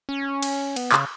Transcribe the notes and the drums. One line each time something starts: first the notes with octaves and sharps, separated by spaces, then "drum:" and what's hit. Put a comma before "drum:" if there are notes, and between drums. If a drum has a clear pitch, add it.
C#4
drum: cymbal
B3, drum: cymbal
C#3, drum: clap